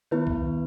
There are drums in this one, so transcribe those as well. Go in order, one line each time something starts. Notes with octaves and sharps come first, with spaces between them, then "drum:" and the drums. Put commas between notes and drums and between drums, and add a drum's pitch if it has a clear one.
D#3 B3 E4 B4
drum: kick C2